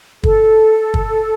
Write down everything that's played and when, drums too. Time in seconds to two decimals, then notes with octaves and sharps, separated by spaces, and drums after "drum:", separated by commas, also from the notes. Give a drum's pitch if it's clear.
0.23 A4, drum: kick
0.94 drum: kick